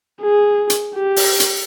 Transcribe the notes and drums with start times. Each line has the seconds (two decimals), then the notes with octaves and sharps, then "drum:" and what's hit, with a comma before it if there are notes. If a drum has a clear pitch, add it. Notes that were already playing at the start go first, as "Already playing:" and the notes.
0.23 G#4
0.70 drum: hi-hat
0.96 G4
1.16 drum: open hi-hat
1.40 drum: hi-hat